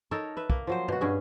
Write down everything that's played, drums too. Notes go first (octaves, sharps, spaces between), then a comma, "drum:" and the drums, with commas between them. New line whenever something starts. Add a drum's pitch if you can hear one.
D#4 A4 A#4 C#5
B4 E5
A#3, drum: kick
F3 F#3 C5
B2 F#4, drum: tom F#2
G2 C#4 G#4